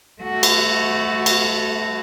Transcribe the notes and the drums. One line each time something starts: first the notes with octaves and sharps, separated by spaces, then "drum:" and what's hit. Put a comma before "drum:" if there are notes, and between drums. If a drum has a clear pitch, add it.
A3 F#4
drum: cymbal
drum: cymbal